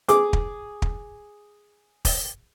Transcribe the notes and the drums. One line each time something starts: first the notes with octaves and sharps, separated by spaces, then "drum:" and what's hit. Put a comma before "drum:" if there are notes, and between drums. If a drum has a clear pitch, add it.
G#4 D6, drum: hi-hat
drum: kick
drum: kick
drum: kick, open hi-hat